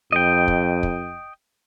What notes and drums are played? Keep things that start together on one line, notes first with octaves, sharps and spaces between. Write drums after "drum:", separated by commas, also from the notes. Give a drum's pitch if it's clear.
F2 D#5 G5
drum: kick
drum: kick